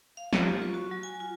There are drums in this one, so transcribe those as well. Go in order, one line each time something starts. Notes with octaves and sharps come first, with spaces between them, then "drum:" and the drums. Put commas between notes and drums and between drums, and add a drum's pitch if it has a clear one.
F5
G4, drum: snare
F4
C#6
F#4
F#3
G#5
F4